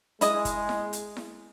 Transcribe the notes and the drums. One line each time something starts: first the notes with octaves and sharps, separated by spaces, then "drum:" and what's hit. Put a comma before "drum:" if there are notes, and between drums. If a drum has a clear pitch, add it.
G#3 E4 D#5 G#5, drum: hi-hat
drum: kick, hi-hat
drum: snare E4
drum: hi-hat
drum: snare E4